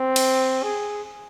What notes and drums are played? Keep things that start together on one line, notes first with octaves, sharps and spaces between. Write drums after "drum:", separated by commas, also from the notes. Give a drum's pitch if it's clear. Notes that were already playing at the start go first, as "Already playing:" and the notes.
Already playing: C4
drum: cymbal
G#4